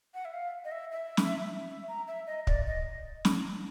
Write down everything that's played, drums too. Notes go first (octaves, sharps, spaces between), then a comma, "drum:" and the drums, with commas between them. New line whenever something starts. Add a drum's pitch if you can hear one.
F#5
E5
F5
D#5
E5
E5
drum: snare
E5
A#5
E5
D#5
D5, drum: kick
D#5
drum: snare